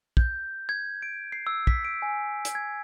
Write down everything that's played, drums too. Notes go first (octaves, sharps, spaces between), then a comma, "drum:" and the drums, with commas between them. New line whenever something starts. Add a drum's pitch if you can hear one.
G6, drum: kick
G#6
D7
C7
E6
B6, drum: kick
D7
G#5
drum: hi-hat
G#6